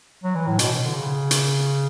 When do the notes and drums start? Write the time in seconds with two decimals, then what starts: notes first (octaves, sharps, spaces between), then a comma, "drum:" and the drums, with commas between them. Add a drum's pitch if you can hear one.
0.24 F#3
0.35 E3
0.47 A2
0.59 B2, drum: hi-hat
0.83 D3
0.95 C#3
1.31 drum: hi-hat